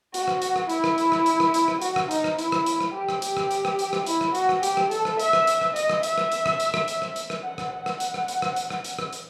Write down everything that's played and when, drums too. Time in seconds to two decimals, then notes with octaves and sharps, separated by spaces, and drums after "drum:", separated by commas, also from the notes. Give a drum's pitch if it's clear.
0.14 F#4, drum: hi-hat
0.28 drum: rim click
0.42 drum: hi-hat
0.56 drum: rim click
0.69 E4, drum: hi-hat
0.84 drum: rim click
0.98 drum: hi-hat
1.12 drum: rim click
1.26 drum: hi-hat
1.40 drum: rim click
1.54 drum: hi-hat
1.68 drum: rim click
1.82 F#4, drum: hi-hat
1.96 drum: rim click
2.11 D#4, drum: hi-hat
2.24 drum: rim click
2.39 E4, drum: hi-hat
2.52 drum: rim click
2.66 drum: hi-hat
2.80 drum: rim click
2.94 G4
3.09 drum: rim click
3.22 G4, drum: hi-hat
3.37 drum: rim click
3.51 drum: hi-hat
3.65 drum: rim click
3.79 drum: hi-hat
3.93 drum: rim click
4.07 E4, drum: hi-hat
4.21 drum: rim click
4.35 F#4, drum: hi-hat
4.49 drum: rim click
4.63 G4, drum: hi-hat
4.77 drum: rim click
4.91 A4, drum: hi-hat
5.05 drum: rim click
5.20 E5, drum: hi-hat
5.33 drum: rim click
5.47 drum: hi-hat
5.61 drum: rim click
5.76 D#5, drum: hi-hat
5.90 drum: rim click
6.03 E5, drum: hi-hat
6.18 drum: rim click
6.32 drum: hi-hat
6.46 drum: rim click
6.60 drum: hi-hat
6.74 drum: rim click
6.88 drum: hi-hat
7.02 drum: rim click
7.16 drum: hi-hat
7.30 drum: rim click
7.43 F#5
7.58 drum: rim click
7.73 F#5
7.86 drum: rim click
8.00 drum: hi-hat
8.14 drum: rim click
8.28 drum: hi-hat
8.42 drum: rim click
8.56 drum: hi-hat
8.70 drum: rim click
8.84 drum: hi-hat
8.99 drum: rim click
9.13 drum: hi-hat